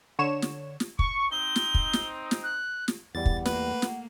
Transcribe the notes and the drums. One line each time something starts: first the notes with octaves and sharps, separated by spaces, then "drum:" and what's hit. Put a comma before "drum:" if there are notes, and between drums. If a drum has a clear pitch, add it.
D3 C#5 E7
drum: snare
drum: snare
C#6, drum: kick
C4 D#4 G7
drum: snare
drum: kick
drum: snare
drum: snare
F#6
drum: snare
E2 G3 F#5 A6
drum: kick
A3 A#3 B4, drum: snare
drum: snare